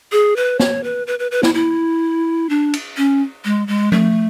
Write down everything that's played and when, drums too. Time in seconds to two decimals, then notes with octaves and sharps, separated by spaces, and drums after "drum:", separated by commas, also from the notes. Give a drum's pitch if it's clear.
0.12 G#4
0.36 B4
0.60 C#5, drum: snare
0.84 B4
1.07 B4
1.19 B4
1.31 B4
1.43 E4, drum: snare
1.54 E4
2.49 D4
2.74 drum: cymbal
2.97 C#4
3.45 G#3
3.68 G#3
3.92 A3, drum: tom F3